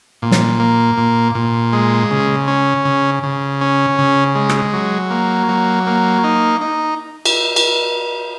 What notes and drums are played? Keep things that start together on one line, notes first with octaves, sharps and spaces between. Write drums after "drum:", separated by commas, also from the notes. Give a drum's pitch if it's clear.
A#2
drum: snare
A#3
A#2
A#2
G#3
C#3
C#4
C#3
C#3
C#4
C#3
G#3
drum: rim click
F#3
A#3
F#3
A#3
D#4
D#4
drum: cymbal
drum: cymbal